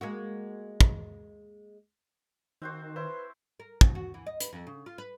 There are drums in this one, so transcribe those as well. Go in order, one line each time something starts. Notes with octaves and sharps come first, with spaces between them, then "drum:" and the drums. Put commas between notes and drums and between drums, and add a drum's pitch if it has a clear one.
G#3 A#3 F#4
drum: kick
D#3 C4 F#4 C5
E4 B4 C5
A#4
B2, drum: kick
F#4
E3
D#5
B4, drum: hi-hat
F2
C#3
F4
B4